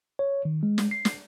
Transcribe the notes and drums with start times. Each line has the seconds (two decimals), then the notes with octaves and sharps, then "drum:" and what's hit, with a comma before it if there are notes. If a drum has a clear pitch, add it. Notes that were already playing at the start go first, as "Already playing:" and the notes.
0.19 C#5
0.45 D#3
0.63 G#3
0.78 drum: snare
0.91 C7
1.05 drum: snare